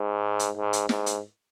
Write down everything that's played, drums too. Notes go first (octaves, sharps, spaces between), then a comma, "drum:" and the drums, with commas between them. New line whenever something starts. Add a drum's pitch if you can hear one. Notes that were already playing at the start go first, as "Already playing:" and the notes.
Already playing: G#2
drum: hi-hat
G#2
drum: hi-hat
G#2, drum: snare
drum: hi-hat